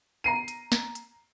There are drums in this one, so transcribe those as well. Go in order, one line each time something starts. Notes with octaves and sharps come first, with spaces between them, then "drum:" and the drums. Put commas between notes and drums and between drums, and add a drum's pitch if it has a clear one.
A#5 C7 D#7
drum: hi-hat
drum: snare
drum: hi-hat